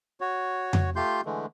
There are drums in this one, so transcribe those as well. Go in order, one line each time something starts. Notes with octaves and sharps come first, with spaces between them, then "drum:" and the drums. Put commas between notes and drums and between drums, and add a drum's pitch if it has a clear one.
F#4 C#5
drum: tom F2
A3 F4 G4 C6 G6
D3 E3 G#3 A3